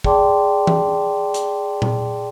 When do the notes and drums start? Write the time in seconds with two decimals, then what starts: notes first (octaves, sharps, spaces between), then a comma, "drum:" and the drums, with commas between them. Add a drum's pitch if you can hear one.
0.04 G#4 D5 G5 A5 C6 D6, drum: kick
0.67 drum: tom E3
1.34 drum: hi-hat
1.82 drum: tom A#2